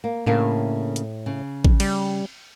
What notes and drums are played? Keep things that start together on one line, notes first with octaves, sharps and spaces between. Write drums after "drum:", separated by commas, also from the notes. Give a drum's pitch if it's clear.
A#3
A2 C#3 A#3 D4
drum: hi-hat
C#3
drum: kick A1
G3, drum: cymbal